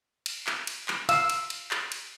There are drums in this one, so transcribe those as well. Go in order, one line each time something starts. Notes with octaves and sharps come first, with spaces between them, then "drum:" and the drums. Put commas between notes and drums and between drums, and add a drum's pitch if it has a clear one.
drum: cymbal
drum: clap
drum: cymbal
drum: clap
F5 E6, drum: cymbal
drum: cymbal
drum: cymbal
drum: clap
drum: cymbal